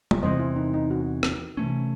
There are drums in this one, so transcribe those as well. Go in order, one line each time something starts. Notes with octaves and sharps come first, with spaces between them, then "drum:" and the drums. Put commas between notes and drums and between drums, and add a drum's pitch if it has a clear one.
drum: tom G3
E2 C3 E3 C5 D#5
E4
D#4
D#4
F#4
drum: rim click
C3 E3 A3 C#4